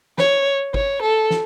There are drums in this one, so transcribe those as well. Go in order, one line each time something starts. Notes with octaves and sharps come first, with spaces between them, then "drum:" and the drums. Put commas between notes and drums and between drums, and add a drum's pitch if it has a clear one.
C#5, drum: snare
C#5, drum: kick
A4
drum: snare